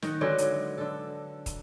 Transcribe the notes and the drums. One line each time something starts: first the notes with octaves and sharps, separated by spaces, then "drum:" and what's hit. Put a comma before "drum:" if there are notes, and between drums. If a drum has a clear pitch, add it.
D#3 D#5 F#5, drum: snare
D3 F#3 G#3 B3
drum: hi-hat
D3 A4
drum: kick, hi-hat